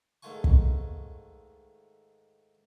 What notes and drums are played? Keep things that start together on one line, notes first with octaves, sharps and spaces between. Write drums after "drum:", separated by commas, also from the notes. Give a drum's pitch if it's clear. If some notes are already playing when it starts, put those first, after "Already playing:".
G#2 D#3 A3 F4 G#5 C#6
drum: kick